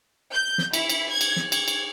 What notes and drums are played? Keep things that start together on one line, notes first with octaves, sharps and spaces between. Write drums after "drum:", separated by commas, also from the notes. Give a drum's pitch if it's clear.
G6
drum: snare
E4, drum: cymbal
drum: cymbal
G#6
drum: cymbal
drum: snare
G#6, drum: cymbal
drum: cymbal